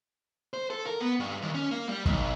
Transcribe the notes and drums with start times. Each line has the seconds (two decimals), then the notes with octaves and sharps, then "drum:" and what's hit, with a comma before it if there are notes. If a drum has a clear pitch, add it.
0.54 C5
0.70 A4
0.87 A#4
1.00 B3
1.20 G2
1.42 D#2
1.54 C#4
1.71 A#3
1.89 G3
2.06 B1, drum: kick